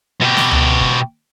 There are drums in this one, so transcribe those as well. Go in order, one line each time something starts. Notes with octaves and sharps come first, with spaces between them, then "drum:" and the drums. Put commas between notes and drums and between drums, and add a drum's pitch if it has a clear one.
B2 G4
drum: snare
drum: tom C#2
drum: kick